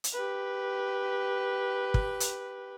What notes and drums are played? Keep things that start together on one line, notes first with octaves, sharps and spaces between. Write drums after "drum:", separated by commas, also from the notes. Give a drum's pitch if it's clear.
drum: hi-hat
G4 B4
drum: kick
drum: hi-hat